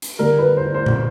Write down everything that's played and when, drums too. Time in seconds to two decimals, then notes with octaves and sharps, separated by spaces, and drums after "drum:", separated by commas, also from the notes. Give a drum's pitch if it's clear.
0.02 drum: hi-hat
0.19 D3 G3 A#4
0.39 B4
0.57 C5
0.75 C5
0.86 drum: tom A#2